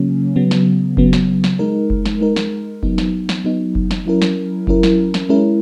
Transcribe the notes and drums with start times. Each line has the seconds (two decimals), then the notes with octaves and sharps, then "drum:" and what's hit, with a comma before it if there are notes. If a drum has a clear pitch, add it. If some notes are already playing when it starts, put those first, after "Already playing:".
Already playing: C#3 F#3 A#3 C#4
0.36 C#3 F#3 B3
0.51 drum: snare
0.97 C#3 F#3 B3, drum: kick F#1
1.13 drum: snare
1.44 drum: snare
1.59 G#3 D#4 A#4
1.90 drum: kick F#1
2.05 drum: snare
2.21 G#3 D#4 A#4
2.36 drum: snare
2.83 F#3 B3 D#4, drum: kick F#1
2.98 drum: snare
3.29 drum: snare
3.44 F#3 B3 D#4
3.75 drum: kick F#1
3.91 drum: snare
4.06 F#3 C#4 E4 A#4
4.22 drum: snare
4.67 F#3 C#4 E4 A#4, drum: kick F#1
4.83 drum: snare
5.14 drum: snare
5.29 G#3 C#4 E4 A#4